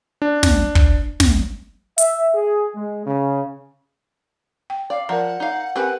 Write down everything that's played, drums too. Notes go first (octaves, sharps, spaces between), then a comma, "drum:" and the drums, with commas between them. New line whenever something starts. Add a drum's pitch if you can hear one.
D4
drum: snare
drum: kick
drum: snare
E5, drum: hi-hat
G#4
G#3
C#3
G5
D5 F5
F3 A#4 D5 F#5 A#5
D#4 F5
C4 G4 A#4 B4 G#5